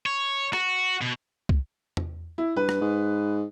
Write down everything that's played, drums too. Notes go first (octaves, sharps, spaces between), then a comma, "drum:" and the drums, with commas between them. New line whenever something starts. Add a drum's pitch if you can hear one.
C#5
F#4, drum: rim click
B2
drum: kick C2
drum: tom E2
E4
G2 B4
drum: rim click
G#2